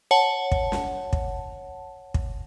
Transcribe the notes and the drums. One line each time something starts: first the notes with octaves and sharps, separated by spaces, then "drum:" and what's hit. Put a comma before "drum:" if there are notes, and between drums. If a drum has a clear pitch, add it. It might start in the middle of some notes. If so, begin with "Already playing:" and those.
C#5 F#5 A5
drum: kick
drum: snare
drum: kick
drum: kick